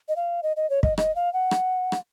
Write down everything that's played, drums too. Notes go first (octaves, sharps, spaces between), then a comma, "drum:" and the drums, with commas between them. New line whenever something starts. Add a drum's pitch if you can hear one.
D#5
F5
D#5
D#5
C#5
D#5, drum: kick
D#5, drum: rim click
F5
F#5
drum: rim click
drum: rim click